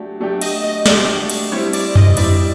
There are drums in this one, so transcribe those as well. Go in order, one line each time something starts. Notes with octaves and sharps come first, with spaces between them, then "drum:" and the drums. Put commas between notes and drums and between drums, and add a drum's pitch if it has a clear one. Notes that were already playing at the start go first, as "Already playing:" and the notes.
Already playing: F#3 A3 D4 G4
F#3 A3 D4 G4
D#5, drum: cymbal
D#5
F#3 A3 D4 G4 D5, drum: snare
drum: cymbal
G3 C4 E4 C#5
D5, drum: cymbal
D#5, drum: tom F2
G3 C4 E4 D5, drum: cymbal